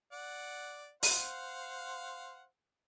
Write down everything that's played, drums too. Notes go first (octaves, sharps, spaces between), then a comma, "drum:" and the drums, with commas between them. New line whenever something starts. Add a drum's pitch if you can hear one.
D5 F#5
C5 F5 F#5, drum: open hi-hat